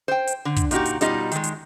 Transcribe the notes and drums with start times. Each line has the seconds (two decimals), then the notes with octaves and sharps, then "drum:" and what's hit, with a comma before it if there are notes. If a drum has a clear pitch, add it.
0.08 C5 G5
0.27 drum: hi-hat
0.45 D3
0.56 drum: kick, hi-hat
0.71 A#2 D#4 F#4 G4, drum: hi-hat
0.85 drum: hi-hat
1.01 B2 G3 D#4 F4 D#5, drum: hi-hat
1.32 D#3 G#3, drum: hi-hat
1.44 drum: hi-hat